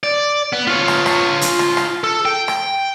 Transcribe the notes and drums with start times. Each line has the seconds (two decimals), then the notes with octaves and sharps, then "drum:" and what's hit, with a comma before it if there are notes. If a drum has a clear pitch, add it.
0.03 D5
0.53 B3
0.67 F4 C#5
0.88 drum: rim click
1.06 drum: rim click
1.41 drum: hi-hat
1.59 drum: rim click
1.77 drum: rim click
2.04 A4
2.25 G5
2.48 drum: rim click